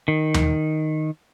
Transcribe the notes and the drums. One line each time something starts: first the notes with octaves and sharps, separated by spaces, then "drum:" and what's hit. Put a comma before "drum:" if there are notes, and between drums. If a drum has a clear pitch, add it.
D#3
drum: tom D#2